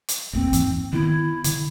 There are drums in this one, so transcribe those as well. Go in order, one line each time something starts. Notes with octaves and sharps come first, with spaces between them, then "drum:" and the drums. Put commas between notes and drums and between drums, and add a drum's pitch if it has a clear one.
drum: hi-hat
A1 E2 A#3 C4
E2 G#2 E3, drum: hi-hat
D#3 B3 E4
D3, drum: hi-hat